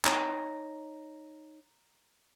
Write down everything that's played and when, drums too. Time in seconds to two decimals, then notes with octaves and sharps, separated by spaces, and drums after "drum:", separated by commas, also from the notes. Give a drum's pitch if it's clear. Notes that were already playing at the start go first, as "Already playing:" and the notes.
0.05 D#4 C#5 A#5, drum: clap